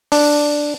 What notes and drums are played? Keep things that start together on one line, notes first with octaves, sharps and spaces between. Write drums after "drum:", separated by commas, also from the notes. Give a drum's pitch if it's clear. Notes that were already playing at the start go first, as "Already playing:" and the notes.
D4, drum: open hi-hat